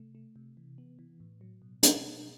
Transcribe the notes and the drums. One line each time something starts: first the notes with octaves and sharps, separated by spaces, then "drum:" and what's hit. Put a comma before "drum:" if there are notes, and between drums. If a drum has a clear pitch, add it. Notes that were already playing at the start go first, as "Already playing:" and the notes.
Already playing: C3 A3
A3
C3
E3
B3
E3
A2
F#3
B2
B2, drum: hi-hat
B2